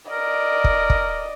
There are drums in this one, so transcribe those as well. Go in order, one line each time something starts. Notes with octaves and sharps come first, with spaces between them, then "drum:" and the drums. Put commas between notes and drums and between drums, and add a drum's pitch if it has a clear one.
A#4 D5 D#5
drum: kick
drum: kick